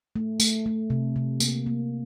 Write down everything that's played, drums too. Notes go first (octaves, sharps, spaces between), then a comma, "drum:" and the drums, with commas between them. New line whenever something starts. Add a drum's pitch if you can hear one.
A3
A3, drum: tambourine
A3
C3
C3
A#3, drum: tambourine
A#3